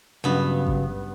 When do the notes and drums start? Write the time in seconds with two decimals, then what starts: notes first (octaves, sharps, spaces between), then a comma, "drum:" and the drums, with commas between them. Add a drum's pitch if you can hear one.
0.24 G2 C#3 F#3 B3
0.67 drum: kick G#1